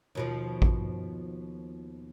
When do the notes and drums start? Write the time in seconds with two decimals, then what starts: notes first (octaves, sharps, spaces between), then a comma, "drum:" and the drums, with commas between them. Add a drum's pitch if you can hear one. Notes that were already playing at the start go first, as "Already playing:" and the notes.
0.15 D#2 B2 F3
0.62 drum: kick A1